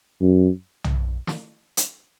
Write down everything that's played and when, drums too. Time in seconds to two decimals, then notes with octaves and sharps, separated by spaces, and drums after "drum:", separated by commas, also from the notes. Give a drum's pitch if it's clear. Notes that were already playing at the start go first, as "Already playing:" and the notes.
0.21 F#2
0.84 drum: tom B1
1.27 drum: snare
1.77 drum: hi-hat